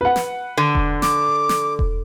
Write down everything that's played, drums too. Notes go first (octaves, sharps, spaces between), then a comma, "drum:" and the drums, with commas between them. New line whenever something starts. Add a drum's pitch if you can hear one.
B4 F#5
drum: snare
D3
drum: kick E1
D6, drum: snare
drum: snare
drum: kick E1